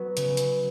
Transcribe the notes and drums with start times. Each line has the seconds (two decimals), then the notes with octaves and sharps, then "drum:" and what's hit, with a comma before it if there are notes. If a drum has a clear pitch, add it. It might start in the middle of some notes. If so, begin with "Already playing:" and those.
Already playing: F#3 B3 F#4 B4
0.17 C#3, drum: hi-hat
0.37 drum: hi-hat